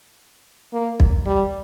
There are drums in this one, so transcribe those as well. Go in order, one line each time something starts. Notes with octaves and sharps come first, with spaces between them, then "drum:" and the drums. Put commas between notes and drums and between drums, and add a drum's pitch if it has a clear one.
A#3
drum: kick
G3